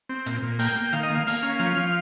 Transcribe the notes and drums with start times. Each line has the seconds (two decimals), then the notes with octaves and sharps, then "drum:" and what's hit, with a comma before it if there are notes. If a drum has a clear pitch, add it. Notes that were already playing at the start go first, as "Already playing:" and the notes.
0.09 C4
0.26 A#2, drum: hi-hat
0.42 A#2
0.59 A#3 G5, drum: open hi-hat
0.76 A#3
0.93 D#3 F5, drum: hi-hat
1.03 D#5
1.10 A#3 F5
1.27 A#3 F5, drum: open hi-hat
1.43 C#4
1.59 F3, drum: hi-hat
1.77 F3